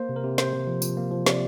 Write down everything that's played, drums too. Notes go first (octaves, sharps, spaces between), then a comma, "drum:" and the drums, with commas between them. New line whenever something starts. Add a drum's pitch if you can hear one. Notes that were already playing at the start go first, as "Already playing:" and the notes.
Already playing: A#3 C5
C3
A#4
C3
C3 C5, drum: snare
C3
F3
F3, drum: tambourine
A#3
F3
C3 D5, drum: snare